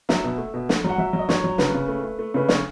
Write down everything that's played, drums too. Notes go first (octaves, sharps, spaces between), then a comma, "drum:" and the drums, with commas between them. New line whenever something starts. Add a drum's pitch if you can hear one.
F#3 E5, drum: snare
B2
A3
B2
A3, drum: snare
F#3
F#5
F#3 E5
F#3
D#5
F#3 C#5, drum: snare
F#3
C#3 B4, drum: snare
C#3
A3
A3
A3
C#3 B4
A3 C#5, drum: snare